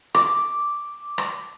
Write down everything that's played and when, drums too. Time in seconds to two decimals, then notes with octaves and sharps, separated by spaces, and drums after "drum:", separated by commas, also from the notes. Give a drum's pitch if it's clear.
0.14 D6, drum: rim click
1.18 drum: rim click